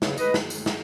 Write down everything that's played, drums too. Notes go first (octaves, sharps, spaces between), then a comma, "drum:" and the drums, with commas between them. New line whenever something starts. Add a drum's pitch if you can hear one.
E2 C#3 F#3, drum: snare
B4 D#5, drum: tambourine
drum: snare
drum: tambourine
drum: snare